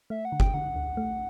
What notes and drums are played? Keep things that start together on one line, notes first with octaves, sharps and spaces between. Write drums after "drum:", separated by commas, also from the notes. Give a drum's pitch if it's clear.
A3 E5
F#5
D3
G5, drum: kick G1
D3 F#5
D2
A3